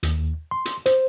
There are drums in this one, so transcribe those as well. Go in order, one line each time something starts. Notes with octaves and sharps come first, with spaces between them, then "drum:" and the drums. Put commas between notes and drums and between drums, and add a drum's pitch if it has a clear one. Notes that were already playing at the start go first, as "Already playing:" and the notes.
D#2, drum: hi-hat
C6
drum: hi-hat
C5, drum: hi-hat